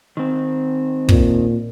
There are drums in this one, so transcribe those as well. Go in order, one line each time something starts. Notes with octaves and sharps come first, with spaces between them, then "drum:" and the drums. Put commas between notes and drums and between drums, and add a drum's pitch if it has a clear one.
D#3 C4
A#2, drum: kick